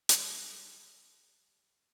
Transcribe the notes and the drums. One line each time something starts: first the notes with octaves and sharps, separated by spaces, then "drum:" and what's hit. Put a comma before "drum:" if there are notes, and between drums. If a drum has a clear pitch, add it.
G3, drum: hi-hat